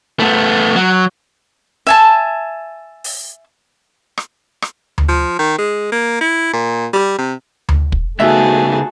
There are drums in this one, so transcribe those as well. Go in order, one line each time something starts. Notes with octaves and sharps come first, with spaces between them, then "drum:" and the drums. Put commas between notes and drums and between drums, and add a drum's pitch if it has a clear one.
A3 B3
F#3
E5 G#5 A5
drum: open hi-hat
drum: rim click
drum: rim click
drum: tom D2
F3
D#3
G#3
A#3
E4
A#2
G3
C3
drum: tom D2
drum: kick
C#3 A3 B3 D#4 F#4 G#4 E5 A5